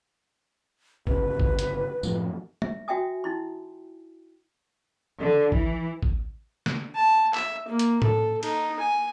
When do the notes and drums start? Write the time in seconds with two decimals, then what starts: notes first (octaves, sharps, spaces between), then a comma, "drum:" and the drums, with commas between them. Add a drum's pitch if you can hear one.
1.07 G1 C#3 B4, drum: kick A1
1.40 drum: kick A1
1.59 drum: hi-hat
2.03 F#2 A2 F3, drum: tambourine
2.62 E5, drum: tom
2.88 F#4 E5 G5 G#5 D#6
3.24 D#4 E4 C6
5.19 D3
5.52 E3, drum: kick A1
6.03 drum: kick A1
6.66 drum: snare
6.95 A5
7.34 E5, drum: clap
7.68 A#3
7.79 drum: hi-hat
8.02 A4, drum: tom A2
8.43 D#4, drum: cymbal
8.80 G#5